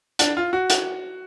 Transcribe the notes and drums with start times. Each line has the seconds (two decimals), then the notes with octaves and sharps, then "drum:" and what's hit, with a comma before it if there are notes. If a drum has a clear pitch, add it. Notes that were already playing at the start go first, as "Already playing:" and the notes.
0.19 D4, drum: hi-hat
0.37 F4
0.53 F#4
0.70 drum: hi-hat